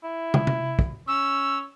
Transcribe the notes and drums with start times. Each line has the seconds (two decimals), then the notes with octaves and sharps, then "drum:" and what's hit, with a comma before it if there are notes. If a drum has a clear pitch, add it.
0.04 E4
0.34 drum: tom
0.47 drum: tom C3
0.79 drum: kick
1.08 C#4 E6